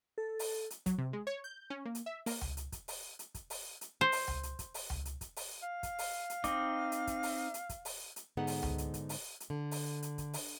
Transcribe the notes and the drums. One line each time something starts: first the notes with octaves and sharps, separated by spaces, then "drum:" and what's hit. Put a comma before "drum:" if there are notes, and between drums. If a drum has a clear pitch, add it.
A4
drum: open hi-hat
drum: hi-hat
F#3, drum: kick, hi-hat
C3
G#3
C#5
G6
C#4
A#3
drum: hi-hat
E5
A#3, drum: open hi-hat
drum: tom C#2
drum: hi-hat
drum: kick, hi-hat
drum: open hi-hat
drum: hi-hat
drum: kick, hi-hat
drum: open hi-hat
drum: hi-hat
C5
drum: open hi-hat
drum: tom C#2
drum: hi-hat
drum: kick, hi-hat
drum: open hi-hat
drum: tom C#2
drum: hi-hat
drum: kick, hi-hat
drum: open hi-hat
F5
drum: kick, hi-hat
drum: open hi-hat
drum: hi-hat
C4 D#4 D6, drum: kick, hi-hat
drum: hi-hat
drum: kick, hi-hat
drum: open hi-hat
drum: hi-hat
drum: kick, hi-hat
drum: open hi-hat
drum: hi-hat
G#2 D3 B3 D#4 G#4 F#5
drum: open hi-hat
drum: tom C#2
drum: hi-hat
drum: kick, hi-hat
drum: open hi-hat
drum: hi-hat
D3
drum: open hi-hat
drum: hi-hat
drum: kick, hi-hat
drum: open hi-hat